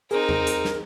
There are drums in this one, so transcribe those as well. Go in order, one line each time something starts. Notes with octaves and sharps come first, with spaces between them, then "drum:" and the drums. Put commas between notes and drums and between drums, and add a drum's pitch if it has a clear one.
C4 D#4 G#4 A#4
drum: tom E2
drum: hi-hat
drum: snare